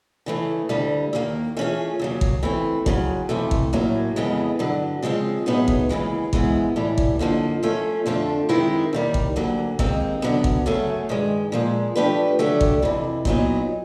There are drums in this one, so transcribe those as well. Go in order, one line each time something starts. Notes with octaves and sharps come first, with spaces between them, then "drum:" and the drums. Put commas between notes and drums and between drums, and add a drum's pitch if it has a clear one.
C#3 E3 A3
D2 D3 G3
D#2 D#3 G3 A#3
E3 A3 C#4 F4 G#4
D#2 C#3 F#3
drum: kick G#1
E3 A3 C4
F2 C#3 F#3, drum: kick G#1
F2 C3 E3 A3
drum: kick G#1
A2 F#3 A#3 C#4
F2 C#3 E3 G#3 B3
G2 D3 F#3
C#3 F3 G#3 C4
A2 F#3 B3 D#4 G#4
drum: kick G#1
D#2 C#3 E3 G#3
G#2 E3 G#3 B3, drum: kick G#1
A2 E3 G3
drum: kick G#1
F#2 D3 F3 A#3 D#4
F3 A3 C#4
F2 D3 F3 A3 D4
F#2 D#3 G#3 C4 E4
D#2 D#3 G3
drum: kick G#1
D2 D3 F#3 A#3
D#2 D#3 G#3 C4, drum: kick G#1
F#2 D3 F#3 B3
drum: kick G#1
F#2 C#3 F#3 A3 C#4
G2 D#3 G#3
A#2 F3 G#3
F3 A3 D4 G4 B4
D3 F#3 A3 D4 G4
drum: kick G#1
F2 C3 E3
A#2 F#3 B3 D#4, drum: kick G#1